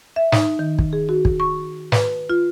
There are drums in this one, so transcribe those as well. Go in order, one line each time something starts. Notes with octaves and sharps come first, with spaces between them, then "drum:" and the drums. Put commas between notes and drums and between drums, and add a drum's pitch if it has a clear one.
E5
D#4, drum: snare
D#3
drum: kick
G#4
F#4
drum: kick
C#6
B4, drum: snare
F4